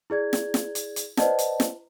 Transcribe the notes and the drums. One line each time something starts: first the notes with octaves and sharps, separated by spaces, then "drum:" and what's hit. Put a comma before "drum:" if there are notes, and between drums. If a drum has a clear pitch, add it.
E4 G#4 D5 G#6
drum: snare
drum: snare
drum: hi-hat
drum: hi-hat
B4 C5 D5 D#5 F#5 A5, drum: snare
drum: hi-hat
drum: snare